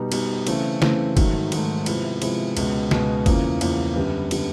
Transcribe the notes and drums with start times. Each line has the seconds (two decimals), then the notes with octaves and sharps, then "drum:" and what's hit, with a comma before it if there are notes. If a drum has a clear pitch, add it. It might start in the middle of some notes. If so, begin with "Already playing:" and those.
Already playing: B2 G3 B3 D#4
0.12 B2 G3 B3 D#4, drum: cymbal
0.47 C#3 E3 A3 C4, drum: cymbal
0.82 C#3 E3 A3 C4, drum: snare
1.17 G#2 D#3 F#3 A3, drum: kick G1, cymbal
1.52 G#2 D#3 F#3 A3, drum: cymbal
1.86 C3 F3 G#3 B3 E4, drum: cymbal
2.22 C3 F3 G#3 B3 E4, drum: cymbal
2.57 C#2 B2 G#3 B3, drum: cymbal
2.91 C#2 B2 G#3 B3, drum: snare
3.26 E2 C#3 F3 A#3, drum: kick G1, cymbal
3.61 E2 C#3 F3 A#3, drum: cymbal
3.96 F#2 D3 G3 B3
4.31 D3 G3 B3, drum: cymbal